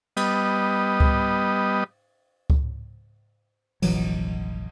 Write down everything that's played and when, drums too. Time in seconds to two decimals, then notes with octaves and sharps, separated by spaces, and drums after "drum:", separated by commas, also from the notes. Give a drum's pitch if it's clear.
0.17 G3 B3 D#5, drum: cymbal
1.00 drum: kick C#2
2.50 drum: kick C#2
3.82 F1 A#1 E3 F#3, drum: cymbal